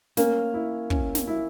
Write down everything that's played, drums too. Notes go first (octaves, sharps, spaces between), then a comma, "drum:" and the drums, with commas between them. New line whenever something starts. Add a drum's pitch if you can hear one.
A#3 C#4, drum: snare
E4
C#4, drum: kick
drum: snare
E4